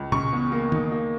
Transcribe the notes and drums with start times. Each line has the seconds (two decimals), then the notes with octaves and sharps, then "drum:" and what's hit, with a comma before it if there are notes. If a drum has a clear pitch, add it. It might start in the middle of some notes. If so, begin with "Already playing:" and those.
Already playing: C#2
0.12 C#3 C#6, drum: tom A#2
0.32 E2
0.52 A#3
0.72 D#4, drum: tom D#3
0.91 A#3